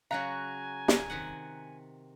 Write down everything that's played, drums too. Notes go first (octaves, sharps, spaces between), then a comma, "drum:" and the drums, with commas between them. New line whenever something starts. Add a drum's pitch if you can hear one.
C#3 F#3 F#4 F5 G#5 A#5 F#6
drum: snare
C3 D#3 F#5